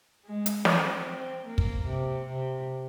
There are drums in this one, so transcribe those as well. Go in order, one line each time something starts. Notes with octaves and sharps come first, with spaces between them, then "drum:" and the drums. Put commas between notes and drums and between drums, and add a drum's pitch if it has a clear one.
G#3
drum: hi-hat
C4, drum: snare
C4
A#3
drum: kick
C3
C3